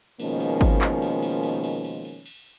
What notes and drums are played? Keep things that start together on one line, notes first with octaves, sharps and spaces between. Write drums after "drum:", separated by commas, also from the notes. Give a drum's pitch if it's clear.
B2 D#3 F3 G#3 A#3 C#4, drum: cymbal
drum: cymbal
drum: kick G#1, cymbal
drum: clap
drum: cymbal
drum: cymbal
drum: cymbal
drum: cymbal
drum: cymbal
drum: cymbal
drum: cymbal